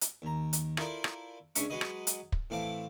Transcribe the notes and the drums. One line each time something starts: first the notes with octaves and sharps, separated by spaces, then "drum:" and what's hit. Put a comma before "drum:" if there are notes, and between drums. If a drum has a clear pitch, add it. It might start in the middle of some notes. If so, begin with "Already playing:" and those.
drum: hi-hat
D#2 A#5
drum: hi-hat
E4 F4 A4 A#4 C5 D5, drum: rim click
drum: rim click
C#2 C#4 D4 E5 C#6, drum: hi-hat
F#3 G#3 F#4 G#4 B4 D#5
drum: rim click
drum: hi-hat
drum: kick
A2 E3 C4 F5 A5 D6